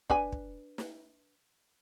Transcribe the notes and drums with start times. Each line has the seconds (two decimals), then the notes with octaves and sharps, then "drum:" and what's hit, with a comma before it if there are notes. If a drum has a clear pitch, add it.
0.10 D4 B4 G#5, drum: kick
0.32 drum: kick
0.78 drum: snare